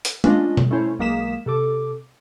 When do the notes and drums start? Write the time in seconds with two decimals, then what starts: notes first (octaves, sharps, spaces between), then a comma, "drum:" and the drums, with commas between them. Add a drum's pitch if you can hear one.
0.05 drum: hi-hat
0.24 C#4 D4 F4 D#5, drum: tom
0.57 drum: tom B2
0.71 A3 C#4 E4 C5 C#5
0.99 B1 G#3 A#3 D#6 B6 E7
1.46 C3 A4 D6